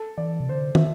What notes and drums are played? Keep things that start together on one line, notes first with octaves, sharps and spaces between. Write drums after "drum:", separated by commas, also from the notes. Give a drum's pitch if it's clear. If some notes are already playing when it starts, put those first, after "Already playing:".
Already playing: A4
E3 D5
C3
D3 C5
E5, drum: tom